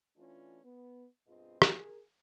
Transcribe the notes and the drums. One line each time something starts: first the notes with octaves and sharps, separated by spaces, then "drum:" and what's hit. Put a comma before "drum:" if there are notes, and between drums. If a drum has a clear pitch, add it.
E3 A3 C#4 D4 F4
B3
G2 B2 C4 F4 G#4 D#5
G#4 A#4, drum: rim click